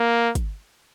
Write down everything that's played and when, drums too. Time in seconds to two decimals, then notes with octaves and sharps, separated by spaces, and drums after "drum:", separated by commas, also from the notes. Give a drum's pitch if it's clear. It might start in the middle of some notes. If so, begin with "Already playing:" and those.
Already playing: A#3
0.35 drum: kick, hi-hat